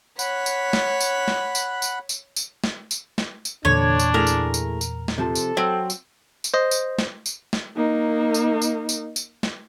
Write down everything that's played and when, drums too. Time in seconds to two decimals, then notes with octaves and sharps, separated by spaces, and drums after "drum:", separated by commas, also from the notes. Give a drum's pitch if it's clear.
0.19 C#5 F#5 B5 F#6 B6, drum: tambourine
0.46 drum: tambourine
0.73 drum: snare
1.01 drum: tambourine
1.28 drum: snare
1.55 drum: tambourine
1.82 drum: tambourine
2.09 drum: tambourine
2.36 drum: tambourine
2.64 drum: snare
2.91 drum: tambourine
3.18 drum: snare
3.45 drum: tambourine
3.65 E2 A#2 D3 D4 C#5
4.00 drum: tambourine
4.14 A3 E4 G#4 A#4
4.27 drum: tambourine
4.54 drum: tambourine
4.81 drum: tambourine
5.08 drum: snare
5.18 C3 F3 A4 A5
5.35 drum: tambourine
5.57 F#3 C4
5.90 drum: tambourine
6.44 drum: tambourine
6.54 C5 D#5
6.71 drum: tambourine
6.99 drum: snare
7.26 drum: tambourine
7.53 drum: snare
7.76 A#3 D#4
8.34 drum: tambourine
8.62 drum: tambourine
8.89 drum: tambourine
9.16 drum: tambourine
9.43 drum: snare